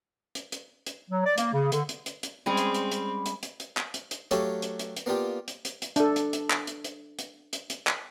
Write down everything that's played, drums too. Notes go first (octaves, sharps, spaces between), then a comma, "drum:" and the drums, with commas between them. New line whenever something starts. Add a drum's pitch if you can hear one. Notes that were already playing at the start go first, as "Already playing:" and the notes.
drum: hi-hat
drum: hi-hat
drum: hi-hat
F#3
D5
A#3, drum: hi-hat
C#3
D3, drum: hi-hat
drum: hi-hat
drum: hi-hat
drum: hi-hat
G3 G#3 C4 C#4 G#4
drum: hi-hat
drum: hi-hat
drum: hi-hat
drum: hi-hat
drum: hi-hat
drum: hi-hat
drum: clap
drum: hi-hat
drum: hi-hat
F#3 A3 G4 A4 C#5 F5, drum: hi-hat
drum: hi-hat
drum: hi-hat
drum: hi-hat
A#3 B3 D4 F4 G4
drum: hi-hat
drum: hi-hat
drum: hi-hat
D4 A4, drum: hi-hat
drum: hi-hat
drum: hi-hat
drum: clap
drum: hi-hat
drum: hi-hat
drum: hi-hat
drum: hi-hat
drum: hi-hat
drum: clap